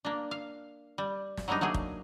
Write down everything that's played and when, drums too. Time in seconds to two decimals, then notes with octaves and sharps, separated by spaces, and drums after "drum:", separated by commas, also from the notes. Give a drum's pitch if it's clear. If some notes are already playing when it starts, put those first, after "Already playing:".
0.05 A#3 D4
0.31 F5
0.98 G3
1.37 drum: snare
1.48 F#3 G3 A#3 D4 D#4
1.61 F#3 A3 A#3 G#4
1.74 drum: kick